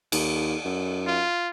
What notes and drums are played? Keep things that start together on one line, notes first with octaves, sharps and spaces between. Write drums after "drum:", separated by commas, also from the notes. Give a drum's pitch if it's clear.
D#2, drum: cymbal
F#2
F4